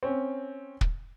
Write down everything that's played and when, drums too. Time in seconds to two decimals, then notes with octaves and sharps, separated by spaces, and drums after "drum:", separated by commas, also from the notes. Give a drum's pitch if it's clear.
0.03 C4 C#4
0.81 drum: kick